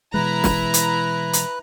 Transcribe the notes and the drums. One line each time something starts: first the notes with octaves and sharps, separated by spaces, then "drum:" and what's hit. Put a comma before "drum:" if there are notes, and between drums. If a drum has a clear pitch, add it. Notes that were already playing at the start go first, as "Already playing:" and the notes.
B2 E3 G#3 E4 B4 A#5 F#6
drum: snare
drum: hi-hat
drum: hi-hat